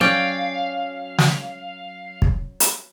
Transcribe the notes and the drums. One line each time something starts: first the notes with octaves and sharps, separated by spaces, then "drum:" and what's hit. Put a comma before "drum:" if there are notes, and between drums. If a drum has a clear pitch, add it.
F#3 C#4 D5 F5 G5
drum: snare
drum: kick
drum: hi-hat